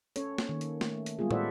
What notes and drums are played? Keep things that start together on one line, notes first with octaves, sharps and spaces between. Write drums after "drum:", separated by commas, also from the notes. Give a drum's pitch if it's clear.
C#4 A4 C#5, drum: hi-hat
drum: snare
D#3 A#3
drum: hi-hat
A3, drum: snare
drum: hi-hat
G3 G#3 B3 F4 G#4
E4 A4 C5 D5 E5 F#5, drum: tom